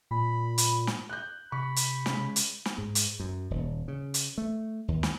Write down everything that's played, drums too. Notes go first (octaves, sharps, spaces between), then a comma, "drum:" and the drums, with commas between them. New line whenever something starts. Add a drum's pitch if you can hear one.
A#2 B5
drum: hi-hat
drum: snare
F#6 G6
C3 B5 C#6
drum: hi-hat
C#3 G#3 C#4, drum: snare
drum: hi-hat
drum: snare
G#2
drum: hi-hat
F#2
D#1
C#3
drum: hi-hat
A3
D#2
drum: snare